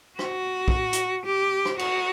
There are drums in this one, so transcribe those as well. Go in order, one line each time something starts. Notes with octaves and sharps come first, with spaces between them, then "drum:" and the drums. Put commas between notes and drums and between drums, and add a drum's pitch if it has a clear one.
F#4, drum: rim click
drum: kick
drum: hi-hat
G4
drum: rim click
F#4, drum: cymbal